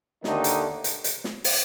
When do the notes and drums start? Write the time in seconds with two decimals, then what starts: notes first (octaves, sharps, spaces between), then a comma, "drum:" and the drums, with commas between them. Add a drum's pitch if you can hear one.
0.24 D#2 D3 D#3 A3 D#4, drum: snare
0.44 drum: hi-hat
0.84 drum: hi-hat
1.04 drum: hi-hat
1.24 drum: snare
1.44 drum: open hi-hat